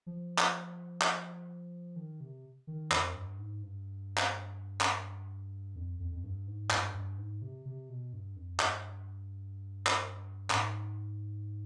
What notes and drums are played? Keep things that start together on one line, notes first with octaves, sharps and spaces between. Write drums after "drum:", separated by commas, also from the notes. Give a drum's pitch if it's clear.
F3
drum: clap
drum: clap
D#3
C3
D#3
F2, drum: clap
G2
G#2
G2
drum: clap
drum: clap
F2
F2
F2
G2
G#2
G2, drum: clap
G2
G#2
C3
C3
B2
G2
F2
G2, drum: clap
drum: clap
G#2, drum: clap